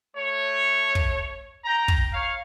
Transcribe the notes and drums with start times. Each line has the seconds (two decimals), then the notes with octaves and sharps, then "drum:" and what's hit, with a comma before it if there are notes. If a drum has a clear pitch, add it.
0.16 A3 C#5
0.95 drum: kick
1.65 G5 A#5
1.88 drum: kick
2.13 C#5 F5